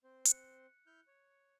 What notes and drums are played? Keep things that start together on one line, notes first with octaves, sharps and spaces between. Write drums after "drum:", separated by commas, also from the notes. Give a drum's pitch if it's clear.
C4 C5
F#6 C#7, drum: hi-hat
E4 F6 G6
C#5